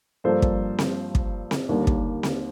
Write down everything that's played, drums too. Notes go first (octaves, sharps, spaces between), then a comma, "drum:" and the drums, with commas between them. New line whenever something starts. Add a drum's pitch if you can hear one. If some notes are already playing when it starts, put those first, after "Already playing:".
G2 F3 A#3 A4 C5
drum: kick
drum: snare C4
drum: kick
drum: snare C4
D#2 D3 G3 A#3
drum: kick
drum: snare C4